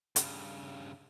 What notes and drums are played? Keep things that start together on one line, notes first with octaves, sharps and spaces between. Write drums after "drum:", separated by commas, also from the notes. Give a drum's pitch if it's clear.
G2 C#3, drum: hi-hat